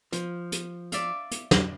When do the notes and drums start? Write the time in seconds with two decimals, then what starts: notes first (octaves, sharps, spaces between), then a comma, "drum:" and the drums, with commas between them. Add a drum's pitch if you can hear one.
0.12 F3, drum: hi-hat
0.52 drum: hi-hat
0.92 D5 E5 F5, drum: hi-hat
1.31 drum: hi-hat
1.51 drum: snare